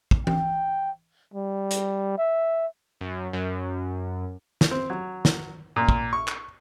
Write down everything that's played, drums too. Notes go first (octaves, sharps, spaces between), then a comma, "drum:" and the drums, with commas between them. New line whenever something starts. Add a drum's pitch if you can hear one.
drum: kick
G5, drum: tom E3
G3
drum: hi-hat
E5
F#2
F#2
drum: snare
C4
F#3
drum: snare
A#2
drum: kick
C#6
drum: clap